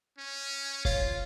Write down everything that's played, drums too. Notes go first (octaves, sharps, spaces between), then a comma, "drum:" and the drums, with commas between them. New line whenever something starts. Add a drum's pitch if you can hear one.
C#4
F4 C#5 F5, drum: kick F1